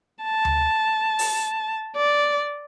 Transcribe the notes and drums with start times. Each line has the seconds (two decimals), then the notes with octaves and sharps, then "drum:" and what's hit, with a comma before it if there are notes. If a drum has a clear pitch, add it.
0.23 A5
0.45 drum: tom D2
1.19 drum: open hi-hat
1.96 D5